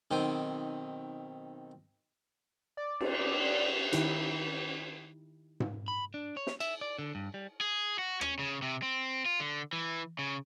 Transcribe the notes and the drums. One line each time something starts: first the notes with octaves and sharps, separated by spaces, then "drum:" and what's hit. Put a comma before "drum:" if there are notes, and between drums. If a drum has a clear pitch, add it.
B1 D#3 C4 C5 D#6
D5
drum: cymbal
D#3 D#4 E4 G4, drum: hi-hat
drum: tom G#2
B5
D4
C#5
drum: snare
E5, drum: cymbal
D5
D3
G2
G3
G#4
F#4
C#4, drum: rim click
C#3
C3
C4
F4
D3
E3
C#3